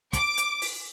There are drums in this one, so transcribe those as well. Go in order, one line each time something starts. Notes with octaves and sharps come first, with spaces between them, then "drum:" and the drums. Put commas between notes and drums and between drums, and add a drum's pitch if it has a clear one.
D6, drum: kick, hi-hat
drum: hi-hat
drum: open hi-hat